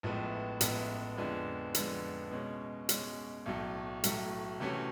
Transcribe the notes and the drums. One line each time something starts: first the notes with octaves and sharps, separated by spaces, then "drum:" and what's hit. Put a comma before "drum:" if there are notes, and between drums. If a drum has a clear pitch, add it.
A1 A2 F3 G#3 B3
A1 A2 F3 G#3 B3, drum: hi-hat
F2 D3 F3 G#3 B3
F2 D3 F3 G#3 B3, drum: hi-hat
B2 G#3 C#4
B2 G#3 C#4, drum: hi-hat
B1 A2 F#3 A3
B1 A2 F#3 A3, drum: hi-hat
C3 E3 A3 C#4 F#4